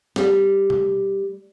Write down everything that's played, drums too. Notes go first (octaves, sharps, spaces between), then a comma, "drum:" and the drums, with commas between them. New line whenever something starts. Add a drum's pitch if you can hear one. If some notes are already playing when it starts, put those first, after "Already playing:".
G3, drum: snare
drum: tom B2